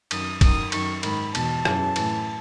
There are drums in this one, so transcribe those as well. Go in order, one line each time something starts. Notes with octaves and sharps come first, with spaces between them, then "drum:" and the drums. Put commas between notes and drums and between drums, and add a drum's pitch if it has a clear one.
F#2 D#3 D#6, drum: cymbal
F#2 D#3 D#6, drum: kick, cymbal
F#2 D#3 C#6, drum: cymbal
G#2 D#3 B5, drum: cymbal
E2 B2 A5, drum: cymbal
F#2 C#3 E3, drum: rim click
A2 E3, drum: cymbal